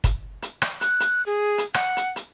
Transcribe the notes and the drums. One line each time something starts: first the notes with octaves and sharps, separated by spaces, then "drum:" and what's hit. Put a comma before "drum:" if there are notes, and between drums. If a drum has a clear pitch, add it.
drum: kick, hi-hat
drum: hi-hat
drum: rim click
F#6, drum: hi-hat
drum: hi-hat
G#4
drum: hi-hat
F#5, drum: rim click
drum: hi-hat
drum: hi-hat